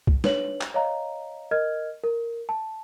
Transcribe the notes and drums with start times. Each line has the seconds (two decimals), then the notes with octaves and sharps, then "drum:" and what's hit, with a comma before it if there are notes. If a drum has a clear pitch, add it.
0.07 drum: kick C2
0.24 D4 B4 C#5 F#7, drum: snare
0.61 drum: clap
0.74 C#5 D#5 F5 A#5
1.51 A#4 D#5 F6 G#6
2.04 A#4
2.49 A5